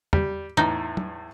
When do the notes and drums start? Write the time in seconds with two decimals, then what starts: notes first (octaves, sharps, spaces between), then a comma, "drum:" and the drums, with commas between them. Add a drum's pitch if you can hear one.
0.13 G3, drum: tom
0.57 E2 A2 D#4
0.97 drum: tom